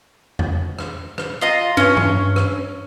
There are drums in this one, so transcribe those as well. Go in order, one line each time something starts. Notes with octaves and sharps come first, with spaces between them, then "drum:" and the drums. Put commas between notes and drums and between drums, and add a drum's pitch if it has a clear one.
drum: tom E2
drum: rim click
drum: rim click
F4 D#5 A#5
G2 C#4 C#5
drum: tom G2
drum: rim click